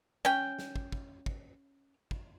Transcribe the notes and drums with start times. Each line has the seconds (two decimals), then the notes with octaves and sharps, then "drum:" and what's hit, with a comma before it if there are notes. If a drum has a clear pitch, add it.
0.25 C#4 G5, drum: snare
0.59 drum: snare
0.76 drum: kick
0.92 drum: kick
1.26 drum: kick
2.11 drum: kick